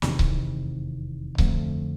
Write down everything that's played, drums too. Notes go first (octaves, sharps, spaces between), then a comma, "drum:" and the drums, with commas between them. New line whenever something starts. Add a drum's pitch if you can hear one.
F1 E2 C3 D#3, drum: snare
drum: kick C#1
F2 D3 F3 A3, drum: kick C#1